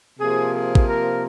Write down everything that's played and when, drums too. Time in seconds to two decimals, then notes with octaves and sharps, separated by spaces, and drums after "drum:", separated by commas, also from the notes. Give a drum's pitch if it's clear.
0.19 C3 F3 A#3 G#4
0.54 G#4
0.75 drum: kick
0.88 A#4